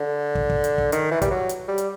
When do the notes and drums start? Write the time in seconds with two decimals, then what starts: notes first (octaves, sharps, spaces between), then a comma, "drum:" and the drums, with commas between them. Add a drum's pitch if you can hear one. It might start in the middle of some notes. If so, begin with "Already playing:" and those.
Already playing: D3
0.35 drum: kick
0.50 drum: kick
0.64 drum: hi-hat
0.78 drum: kick
0.92 D#3, drum: hi-hat
1.11 E3
1.22 G3, drum: kick, hi-hat
1.31 F#3
1.49 drum: hi-hat
1.68 G3
1.78 drum: hi-hat